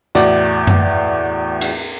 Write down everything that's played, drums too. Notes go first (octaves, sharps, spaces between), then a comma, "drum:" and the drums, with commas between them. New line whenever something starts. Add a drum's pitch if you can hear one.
E2 A2 F#4 D5, drum: hi-hat
drum: tom F#2
drum: cymbal